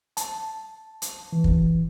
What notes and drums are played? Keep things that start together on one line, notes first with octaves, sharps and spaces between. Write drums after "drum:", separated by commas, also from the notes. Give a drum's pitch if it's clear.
A5, drum: hi-hat
drum: hi-hat
E3
drum: kick